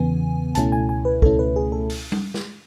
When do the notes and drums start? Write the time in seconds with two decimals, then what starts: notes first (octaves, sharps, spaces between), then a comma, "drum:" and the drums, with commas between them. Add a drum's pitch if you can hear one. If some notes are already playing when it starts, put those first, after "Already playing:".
Already playing: E2 C#3 E3 B3 G#5
0.55 C#2 B2 A3 C#4 E4 A5, drum: hi-hat
0.72 G#5
0.89 G#5
1.05 B4
1.22 C#2 B2 A3 C#4 E4 A4, drum: kick
1.39 B4
1.56 G#4
1.72 A4
1.90 drum: open hi-hat
2.12 drum: tom G3
2.34 drum: snare